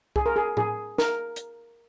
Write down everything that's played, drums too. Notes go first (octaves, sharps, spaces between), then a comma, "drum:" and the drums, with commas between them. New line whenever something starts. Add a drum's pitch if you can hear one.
G#4, drum: kick C2
A#4
G#4
G#4, drum: tom A2
A#4, drum: snare
drum: hi-hat